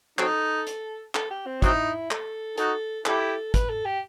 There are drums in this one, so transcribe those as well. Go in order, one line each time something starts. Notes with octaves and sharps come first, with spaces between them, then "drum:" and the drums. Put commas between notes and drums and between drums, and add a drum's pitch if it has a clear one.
F#3 C4 D#4 A4, drum: clap
drum: hi-hat
A4, drum: clap
G4
C4
F#3 C4 D#4 E4, drum: kick, hi-hat
A4, drum: clap
D#4 F#4 A4, drum: hi-hat
E4 G4 A4, drum: clap
B4, drum: kick, hi-hat
A4
G4